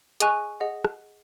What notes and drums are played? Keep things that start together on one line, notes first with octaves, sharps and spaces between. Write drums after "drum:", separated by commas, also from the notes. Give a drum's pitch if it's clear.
G#4 D#5 G#5 C#6 F#6, drum: hi-hat
G#4 D#5 F#5
drum: rim click